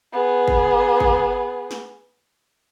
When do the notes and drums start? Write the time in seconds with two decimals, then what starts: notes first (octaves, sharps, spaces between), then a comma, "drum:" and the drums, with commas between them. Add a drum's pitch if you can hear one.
0.12 B3 G#4
0.48 drum: kick
1.00 drum: kick
1.71 drum: snare